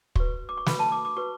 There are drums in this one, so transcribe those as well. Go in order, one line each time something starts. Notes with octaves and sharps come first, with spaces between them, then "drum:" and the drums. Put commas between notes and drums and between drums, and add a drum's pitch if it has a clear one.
F#4 B4 C#6, drum: kick
D6
C#6
F#4 B4 B5, drum: snare
A5
D6
D6
F#4 B4 C#6